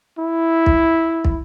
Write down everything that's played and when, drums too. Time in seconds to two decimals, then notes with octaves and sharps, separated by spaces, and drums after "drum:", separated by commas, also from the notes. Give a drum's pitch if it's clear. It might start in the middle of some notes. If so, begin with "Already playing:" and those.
0.19 E4
0.66 drum: kick
1.25 drum: kick